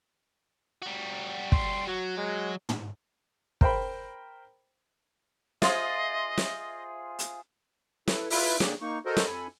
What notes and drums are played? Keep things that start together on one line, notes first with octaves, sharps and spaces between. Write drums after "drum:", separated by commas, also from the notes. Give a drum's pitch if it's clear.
G3 F#4
C6, drum: kick
F#3 F#4
G#3
drum: tom
A#4 C5 G5 B5, drum: kick
F4 G#4 C5 D#5 E5 C6, drum: snare
drum: snare
drum: hi-hat
E4 A4 B4, drum: snare
E4 F4 B4 E5, drum: open hi-hat
D3 A#3 D4 G4 G#4, drum: snare
A#3 D#4 C#6
F#4 A4 A#4 C5 D#5
drum: snare
F2 A4 G#5 B5